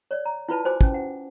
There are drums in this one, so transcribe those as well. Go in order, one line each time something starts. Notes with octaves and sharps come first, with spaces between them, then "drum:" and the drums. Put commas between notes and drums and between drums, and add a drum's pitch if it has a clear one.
C#5 D5
A#5
E4 F4 B4 A5
F#4 C5 G#5 D6
C#4 G#5, drum: kick
F#5